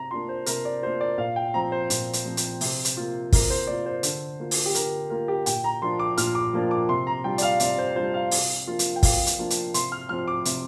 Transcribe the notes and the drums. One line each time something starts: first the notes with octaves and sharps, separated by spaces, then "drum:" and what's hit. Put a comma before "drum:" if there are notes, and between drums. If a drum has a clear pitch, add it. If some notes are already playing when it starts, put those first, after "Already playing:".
Already playing: C3 A#5
A#3 D4 F4 C6
C5
C3 A#4, drum: hi-hat
D5
A#3 D4 F4 C5
D5
A#2 F5
G5
F3 C4 A#5
C5
A#2, drum: hi-hat
drum: hi-hat
F3 C4
drum: hi-hat
C3, drum: open hi-hat
drum: hi-hat
A#3 F4
C3 A#4, drum: kick, open hi-hat
C5
A#3 F4 D5
C5
D3, drum: hi-hat
A#3 F4
drum: open hi-hat
G4
D3 A#4, drum: hi-hat
A#3 F4 A#4
G4
A#2 G5, drum: hi-hat
A#5
F3 A#3 D4 F4 C6
D6
A#2 F6, drum: hi-hat
D6
F3 A#3 D4 F4
D6
C3 C6
A#5
G3 D4 F4 G5
D5, drum: hi-hat
F5
C3 D5, drum: hi-hat
C5
G3 D4 F4 C5
F5
C3, drum: open hi-hat
F3 A#3 D4 F4
drum: hi-hat
G5
C3 F5, drum: kick, open hi-hat
drum: hi-hat
F3 A#3 D4 F4
drum: hi-hat
C3 C6, drum: hi-hat
F6
F3 C4 F4 F6
D6
C3, drum: hi-hat